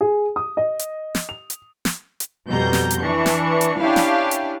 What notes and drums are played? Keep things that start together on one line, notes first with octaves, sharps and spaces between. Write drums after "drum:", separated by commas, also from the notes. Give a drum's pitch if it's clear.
G#4
D#6
D#5
drum: hi-hat
drum: snare
F7
drum: hi-hat
drum: snare
drum: hi-hat
F2 B2 G3 A#5 G6
drum: snare
drum: hi-hat
E3 D4 C#6
drum: snare
drum: hi-hat
C#4 D4 E4 G4 F5
drum: snare
drum: hi-hat